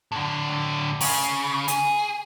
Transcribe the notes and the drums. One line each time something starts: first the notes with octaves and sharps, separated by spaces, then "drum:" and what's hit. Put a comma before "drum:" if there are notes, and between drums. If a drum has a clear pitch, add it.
A2 D3
C#3, drum: open hi-hat
G#4, drum: hi-hat